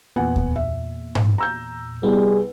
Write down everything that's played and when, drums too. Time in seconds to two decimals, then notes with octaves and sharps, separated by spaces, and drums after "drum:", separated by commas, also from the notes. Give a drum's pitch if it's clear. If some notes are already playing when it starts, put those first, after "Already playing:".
0.16 E2 A#2 B3 F#5 G#5
0.36 drum: kick D2
0.56 E5
1.15 drum: tom G#2
1.38 A#5 E6 G6
2.03 C2 G3 B3 G#4